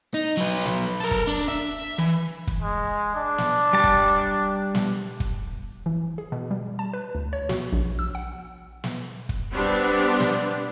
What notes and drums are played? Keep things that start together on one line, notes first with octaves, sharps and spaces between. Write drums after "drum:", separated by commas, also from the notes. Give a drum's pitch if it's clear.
D#4
F#3 B4
drum: snare
A4 A#4
drum: kick
D4
E5
E3
drum: kick
G#3
D4
drum: snare
G3 A5
drum: kick
drum: snare
drum: kick
E3
G#4
B2
G3
A5
B4
D2
C#5
F#4, drum: snare
A#1
E6
F#5
drum: snare
drum: kick
G3 B3 C4 D4
drum: snare